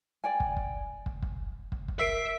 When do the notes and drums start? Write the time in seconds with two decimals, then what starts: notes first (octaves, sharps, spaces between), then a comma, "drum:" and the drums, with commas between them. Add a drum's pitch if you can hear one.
0.24 D5 G5 G#5
0.40 drum: kick
0.57 drum: kick
1.06 drum: kick
1.22 drum: kick
1.72 drum: kick
1.88 drum: kick
1.99 A#4 E5 E6 B6 C7 D7